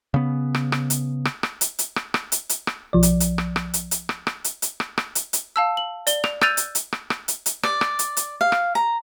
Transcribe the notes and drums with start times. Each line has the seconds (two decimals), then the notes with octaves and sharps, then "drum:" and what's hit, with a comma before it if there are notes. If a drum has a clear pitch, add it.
0.14 C#3 B3
0.55 drum: rim click
0.72 drum: rim click
0.90 drum: hi-hat
1.25 drum: rim click
1.43 drum: rim click
1.61 drum: hi-hat
1.79 drum: hi-hat
1.96 drum: rim click
2.14 drum: rim click
2.32 drum: hi-hat
2.49 drum: hi-hat
2.67 drum: rim click
2.93 B1 F3 D5
3.03 drum: hi-hat
3.20 drum: hi-hat
3.38 drum: rim click
3.56 drum: rim click
3.74 drum: hi-hat
3.91 drum: hi-hat
4.09 drum: rim click
4.27 drum: rim click
4.44 drum: hi-hat
4.62 drum: hi-hat
4.80 drum: rim click
4.98 drum: rim click
5.15 drum: hi-hat
5.33 drum: hi-hat
5.56 F5 A5 E6
5.77 F#7
6.07 D5 G7, drum: hi-hat
6.24 F7, drum: rim click
6.41 E6 F#6 G6 A6 D#7 F7, drum: rim click
6.57 drum: hi-hat
6.75 drum: hi-hat
6.93 drum: rim click
7.10 drum: rim click
7.28 drum: hi-hat
7.46 drum: hi-hat
7.63 D5, drum: rim click
7.81 drum: rim click
7.99 drum: hi-hat
8.17 drum: hi-hat
8.41 F5
8.52 drum: rim click
8.75 A#5